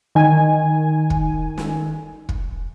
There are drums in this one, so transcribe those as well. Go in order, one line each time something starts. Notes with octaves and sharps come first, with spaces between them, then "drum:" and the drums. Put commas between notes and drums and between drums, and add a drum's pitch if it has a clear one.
D#3 G#5
drum: kick
drum: snare
drum: kick